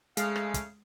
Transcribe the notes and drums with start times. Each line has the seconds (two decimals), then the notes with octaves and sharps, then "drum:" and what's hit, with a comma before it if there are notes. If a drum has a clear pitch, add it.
0.17 C#3 G#3 A3 F5, drum: hi-hat
0.36 drum: rim click
0.54 drum: kick, hi-hat